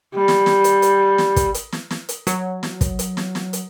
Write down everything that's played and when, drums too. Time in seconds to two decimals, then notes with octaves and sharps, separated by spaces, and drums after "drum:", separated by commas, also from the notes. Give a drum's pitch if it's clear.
0.15 G3
0.28 drum: snare
0.46 drum: snare
0.64 drum: hi-hat
0.82 drum: hi-hat
1.18 drum: snare
1.36 drum: kick, hi-hat
1.54 drum: hi-hat
1.72 drum: snare
1.91 drum: snare
2.09 drum: hi-hat
2.27 F#3, drum: hi-hat
2.63 drum: snare
2.81 drum: kick, hi-hat
2.99 drum: hi-hat
3.17 drum: snare
3.35 drum: snare
3.53 drum: hi-hat